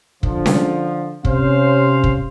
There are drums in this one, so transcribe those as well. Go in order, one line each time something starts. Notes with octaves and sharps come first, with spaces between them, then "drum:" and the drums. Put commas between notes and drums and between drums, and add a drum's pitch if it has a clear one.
D3 F3, drum: kick
drum: snare C#4
C3 C#4 C5 F5, drum: kick
drum: kick